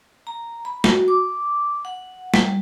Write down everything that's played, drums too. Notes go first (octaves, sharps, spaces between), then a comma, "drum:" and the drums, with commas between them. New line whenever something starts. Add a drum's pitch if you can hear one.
A#5
B5
F#4, drum: snare
D6
F#5
G3, drum: snare